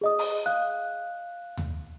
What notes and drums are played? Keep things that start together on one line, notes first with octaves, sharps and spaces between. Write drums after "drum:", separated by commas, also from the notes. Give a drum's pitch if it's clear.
G#4 D#5 D#6
drum: open hi-hat
F5 F#6
drum: tom D#2